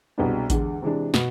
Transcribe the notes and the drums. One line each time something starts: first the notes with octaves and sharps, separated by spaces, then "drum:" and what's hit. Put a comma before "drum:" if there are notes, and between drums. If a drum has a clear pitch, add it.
C2 B2 G#3 B3 D4
E2 D3 G#3, drum: kick A1, hi-hat
C3 E3 G#3 D4
B2 B3, drum: snare